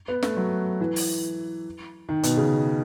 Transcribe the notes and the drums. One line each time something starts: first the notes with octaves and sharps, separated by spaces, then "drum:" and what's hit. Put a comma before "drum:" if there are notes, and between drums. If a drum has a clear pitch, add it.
B3
A3, drum: snare
F#3
E3
drum: open hi-hat
D#3
B2, drum: hi-hat
C#3